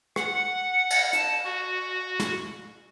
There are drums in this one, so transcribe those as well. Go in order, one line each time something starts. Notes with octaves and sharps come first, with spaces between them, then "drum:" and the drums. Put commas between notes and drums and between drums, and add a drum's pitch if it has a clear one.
F#5, drum: rim click
drum: cymbal
A5, drum: hi-hat
F#4
drum: snare